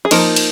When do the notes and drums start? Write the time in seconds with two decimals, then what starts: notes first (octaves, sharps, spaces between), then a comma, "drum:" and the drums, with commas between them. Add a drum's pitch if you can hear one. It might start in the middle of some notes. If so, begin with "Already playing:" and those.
0.05 G#4
0.11 F3 A#3 D#4 A#4, drum: cymbal
0.36 drum: cymbal